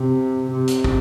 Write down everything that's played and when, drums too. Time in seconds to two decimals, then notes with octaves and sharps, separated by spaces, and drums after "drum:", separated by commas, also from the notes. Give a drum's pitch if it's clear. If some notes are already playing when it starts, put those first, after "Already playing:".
Already playing: C3
0.51 C3
0.68 drum: hi-hat
0.84 drum: kick